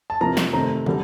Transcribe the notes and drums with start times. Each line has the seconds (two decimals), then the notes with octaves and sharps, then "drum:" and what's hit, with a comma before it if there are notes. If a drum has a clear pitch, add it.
0.10 A5
0.21 C3 F3 A#3 A#5
0.37 drum: snare
0.53 C3 D#3 A3 C4 A#5
0.86 D3 G3, drum: tom